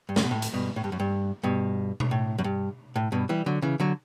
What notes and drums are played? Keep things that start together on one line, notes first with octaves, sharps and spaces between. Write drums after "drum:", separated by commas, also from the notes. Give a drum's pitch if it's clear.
G2
C#3, drum: snare
B2
A2
drum: hi-hat
G2 B2
A2
G2
F#2
G2
G2 B2
drum: tom B2
A2
F#2
G2
A2
G2 B2
E3 G3
D3 F#3
C#3 E3
D3 F#3